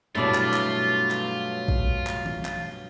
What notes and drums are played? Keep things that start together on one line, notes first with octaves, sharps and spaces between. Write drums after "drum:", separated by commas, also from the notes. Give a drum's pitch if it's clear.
G2 B2 F#3 A3 E4 F4 D5
drum: clap
drum: clap
drum: clap
drum: kick A#1
drum: clap
drum: tom
drum: clap